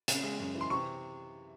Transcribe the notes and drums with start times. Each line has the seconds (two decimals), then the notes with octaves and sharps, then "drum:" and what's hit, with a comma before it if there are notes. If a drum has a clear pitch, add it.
0.08 C#3, drum: hi-hat
0.23 G#3
0.40 F#2
0.55 E3
0.61 C6
0.70 C3 C#6